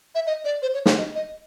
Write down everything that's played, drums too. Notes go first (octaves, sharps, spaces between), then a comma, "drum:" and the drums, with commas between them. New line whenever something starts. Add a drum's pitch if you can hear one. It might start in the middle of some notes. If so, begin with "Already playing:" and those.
E5
D#5
D5
C5
C#5
C#5, drum: snare
D#5
D#5